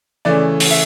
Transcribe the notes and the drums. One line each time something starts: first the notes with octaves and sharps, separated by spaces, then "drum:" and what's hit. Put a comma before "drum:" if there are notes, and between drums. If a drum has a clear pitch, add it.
C#3 E3 A3 D5
drum: open hi-hat
E5